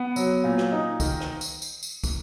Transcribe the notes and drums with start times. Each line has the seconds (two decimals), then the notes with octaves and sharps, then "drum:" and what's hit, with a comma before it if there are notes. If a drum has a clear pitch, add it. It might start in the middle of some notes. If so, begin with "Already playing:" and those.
Already playing: B3
0.16 F#3, drum: tambourine
0.44 A#2
0.58 drum: rim click
0.72 D#4
1.00 D#3, drum: kick, tambourine
1.20 drum: rim click
1.41 drum: tambourine
1.62 drum: tambourine
1.83 drum: tambourine
2.04 drum: kick, tambourine